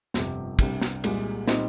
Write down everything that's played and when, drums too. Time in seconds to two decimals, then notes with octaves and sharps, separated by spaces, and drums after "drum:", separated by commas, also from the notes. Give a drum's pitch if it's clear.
0.14 G1 F2 C3, drum: snare
0.59 C2 C3 G3 D4, drum: kick, cymbal
0.81 drum: snare
1.04 C2 A#2 G#3, drum: cymbal
1.47 A#2 G3 C4 D#4, drum: snare